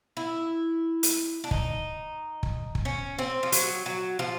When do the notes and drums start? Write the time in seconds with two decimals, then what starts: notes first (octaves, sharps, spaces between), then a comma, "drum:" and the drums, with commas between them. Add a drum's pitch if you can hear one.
0.17 E4
1.03 drum: hi-hat
1.44 D4
1.51 D#4, drum: kick
2.43 drum: kick
2.75 drum: kick
2.85 C#4
3.19 C4
3.43 F3
3.52 F#3, drum: hi-hat
3.86 F#3
4.19 F3